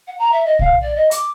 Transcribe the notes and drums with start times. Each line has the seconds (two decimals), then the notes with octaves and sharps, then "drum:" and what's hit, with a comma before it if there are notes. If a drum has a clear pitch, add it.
0.07 F#5
0.19 A#5
0.31 E5
0.45 D#5
0.59 F5, drum: kick B1
0.81 D5
0.96 D#5
1.11 D6, drum: hi-hat